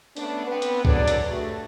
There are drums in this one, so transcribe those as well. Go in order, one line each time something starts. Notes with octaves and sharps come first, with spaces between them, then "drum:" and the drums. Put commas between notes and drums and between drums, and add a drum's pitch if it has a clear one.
A3 B3 C#4 D4, drum: open hi-hat
B3 C4 B4
drum: hi-hat
F#3 D4 G#4 A4 B4 D5, drum: kick C2
drum: hi-hat
G2 A3 F#4